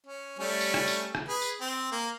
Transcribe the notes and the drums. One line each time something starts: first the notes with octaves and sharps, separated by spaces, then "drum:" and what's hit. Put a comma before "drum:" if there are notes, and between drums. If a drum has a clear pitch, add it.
C#4
G3 A3 C#4
drum: tambourine
drum: rim click
drum: tambourine
drum: rim click
G#4 B4
drum: tambourine
C4
A#3